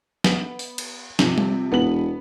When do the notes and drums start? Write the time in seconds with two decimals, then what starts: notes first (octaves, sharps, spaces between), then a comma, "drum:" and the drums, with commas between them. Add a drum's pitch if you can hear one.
0.24 B3, drum: snare
0.59 drum: open hi-hat
0.78 drum: cymbal
1.19 C3 F3, drum: snare
1.38 drum: tom G3
1.72 E1 B3 F#7